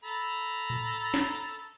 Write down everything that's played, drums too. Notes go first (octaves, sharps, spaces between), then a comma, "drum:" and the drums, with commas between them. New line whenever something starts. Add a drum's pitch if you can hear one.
A4 A#5 B5
drum: tom A2
drum: snare